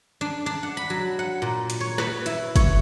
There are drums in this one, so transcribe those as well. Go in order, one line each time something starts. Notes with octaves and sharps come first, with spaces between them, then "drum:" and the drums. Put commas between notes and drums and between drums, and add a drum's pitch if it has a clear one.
D4
D4
F#5
B5
F#3
F#5
A#2
drum: hi-hat
C#5
B4, drum: snare
E4, drum: hi-hat
C#5, drum: kick, hi-hat